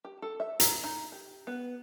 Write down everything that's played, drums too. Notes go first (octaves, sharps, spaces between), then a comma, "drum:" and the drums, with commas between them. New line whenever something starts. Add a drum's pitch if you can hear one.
G4
A4
E5
A#5, drum: hi-hat
D#4
G4
B3